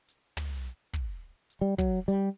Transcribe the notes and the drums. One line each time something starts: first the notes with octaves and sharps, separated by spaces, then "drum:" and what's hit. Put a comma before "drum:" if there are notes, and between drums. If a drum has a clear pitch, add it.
drum: hi-hat
drum: tom
drum: kick, hi-hat
drum: hi-hat
G3
F#3, drum: kick, hi-hat
G3, drum: hi-hat